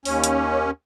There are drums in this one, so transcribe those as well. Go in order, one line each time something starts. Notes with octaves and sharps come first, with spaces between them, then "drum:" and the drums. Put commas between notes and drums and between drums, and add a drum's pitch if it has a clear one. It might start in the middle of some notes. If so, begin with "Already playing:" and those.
D#2 C#4, drum: open hi-hat
drum: hi-hat